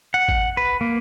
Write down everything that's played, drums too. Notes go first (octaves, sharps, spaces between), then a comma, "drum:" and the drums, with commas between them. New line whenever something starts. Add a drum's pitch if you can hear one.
F#5
drum: kick G#1
B4
A#3